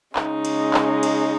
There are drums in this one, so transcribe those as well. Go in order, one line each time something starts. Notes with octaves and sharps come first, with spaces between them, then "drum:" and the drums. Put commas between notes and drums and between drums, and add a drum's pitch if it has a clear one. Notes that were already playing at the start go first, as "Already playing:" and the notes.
C#3 G#3 D#4, drum: clap
drum: cymbal
drum: clap
drum: cymbal